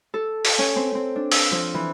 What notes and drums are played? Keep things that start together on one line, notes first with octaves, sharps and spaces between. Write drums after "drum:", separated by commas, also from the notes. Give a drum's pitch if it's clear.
A4
drum: open hi-hat
C#4
C4
C4
D4
E6, drum: open hi-hat
F3
E3